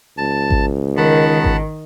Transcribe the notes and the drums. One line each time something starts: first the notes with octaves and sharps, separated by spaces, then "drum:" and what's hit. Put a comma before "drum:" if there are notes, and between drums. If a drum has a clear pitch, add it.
C#2 A5
drum: kick G#1
D#3 F#5 A5 B5
drum: kick G#1